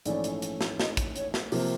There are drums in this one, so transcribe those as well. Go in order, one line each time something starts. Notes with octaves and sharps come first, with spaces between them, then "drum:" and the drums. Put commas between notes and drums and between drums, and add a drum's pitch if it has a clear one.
A#1 G#2 E3 A3 C#4 D5, drum: hi-hat
drum: hi-hat
drum: hi-hat
drum: snare
D#5, drum: snare
drum: kick, hi-hat
C#5, drum: hi-hat
drum: snare
C3 F3 A#3 C5, drum: open hi-hat